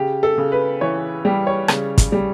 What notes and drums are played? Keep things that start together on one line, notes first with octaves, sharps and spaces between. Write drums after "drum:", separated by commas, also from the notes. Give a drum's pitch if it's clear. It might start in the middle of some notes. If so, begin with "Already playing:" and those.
Already playing: C#3 G4
A4
C#3
B4
E3 C#5
G3 G4
C#5
C#3, drum: rim click
drum: kick, hi-hat
G3